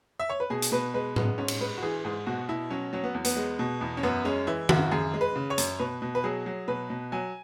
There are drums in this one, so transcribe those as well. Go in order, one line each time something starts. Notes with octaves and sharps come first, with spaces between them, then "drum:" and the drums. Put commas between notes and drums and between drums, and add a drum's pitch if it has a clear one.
E5
C#5
B4
B2 G#4
drum: hi-hat
B2 B4
G#3 B4
G#3 B3, drum: tom A2
G#2 C#4
drum: cymbal
G#3 B4
F#4
E3 G#4
G#2 G#4
B2 F#4
B2 E4
F#3 C#4
F#3 C#4
B3
E2
B3, drum: hi-hat
G#3
B2
E2
C#4
F#2 B3
G#3 C#4
E3 E4
F#2 F#4, drum: tom D#3
F#2 G#4
G#3
B4
C#3
C#5
F#2, drum: hi-hat
B2 B4
B2
B4
F#3 G#4
F#3
B2 B4
B2
F#3 G#5